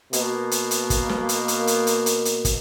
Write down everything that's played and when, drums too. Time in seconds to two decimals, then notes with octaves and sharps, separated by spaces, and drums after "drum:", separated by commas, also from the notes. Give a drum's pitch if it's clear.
0.13 B2 A#3, drum: hi-hat
0.51 drum: hi-hat
0.71 drum: hi-hat
0.90 drum: kick, hi-hat
1.09 drum: snare
1.29 drum: hi-hat
1.48 drum: hi-hat
1.67 drum: hi-hat
1.87 drum: hi-hat
2.06 drum: hi-hat
2.25 drum: hi-hat
2.45 drum: kick, hi-hat